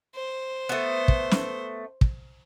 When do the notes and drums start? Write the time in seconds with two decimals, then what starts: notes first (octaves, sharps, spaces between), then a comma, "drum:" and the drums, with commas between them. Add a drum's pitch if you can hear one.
0.15 C5
0.69 A3 B3
1.08 drum: kick
1.31 drum: snare
2.01 drum: kick